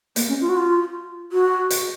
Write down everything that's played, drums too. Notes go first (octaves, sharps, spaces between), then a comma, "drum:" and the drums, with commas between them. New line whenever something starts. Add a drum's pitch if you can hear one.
A#3, drum: hi-hat
C#4
F4
F#4
F4
F#4
drum: hi-hat